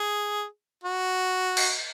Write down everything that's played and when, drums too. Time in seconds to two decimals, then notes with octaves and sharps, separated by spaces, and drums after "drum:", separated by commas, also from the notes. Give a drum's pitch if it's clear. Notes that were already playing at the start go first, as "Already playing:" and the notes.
Already playing: G#4
0.83 F#4
1.57 drum: cymbal